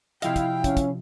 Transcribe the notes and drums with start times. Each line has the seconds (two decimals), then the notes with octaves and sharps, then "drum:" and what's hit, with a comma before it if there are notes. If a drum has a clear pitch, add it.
0.22 C3 F3 E4 D#5 F5 G5, drum: hi-hat
0.36 drum: kick, hi-hat
0.64 C#4, drum: kick, hi-hat
0.77 drum: kick, hi-hat